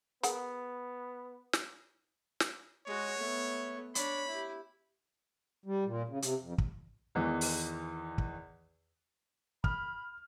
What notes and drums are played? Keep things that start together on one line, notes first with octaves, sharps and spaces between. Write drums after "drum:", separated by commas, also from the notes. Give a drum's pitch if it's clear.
B3 G#4 A#4 F#5, drum: hi-hat
drum: snare
drum: snare
G#3 F#4 C#5
A3 B3
D4 C#5 B5, drum: hi-hat
E4 G4
G3
A#2
C#3
C3, drum: hi-hat
F2
drum: kick
E2 D#3 E3
drum: open hi-hat
drum: kick
B5 F6, drum: kick